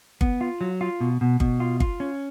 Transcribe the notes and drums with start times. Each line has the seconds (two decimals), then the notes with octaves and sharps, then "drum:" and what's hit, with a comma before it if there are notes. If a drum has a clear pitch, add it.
0.21 B3, drum: kick G1
0.41 F4
0.61 F#3
0.81 F4
1.00 B2
1.21 B2
1.40 B2, drum: kick G1
1.60 F4
1.80 F4, drum: kick G1
2.00 C#4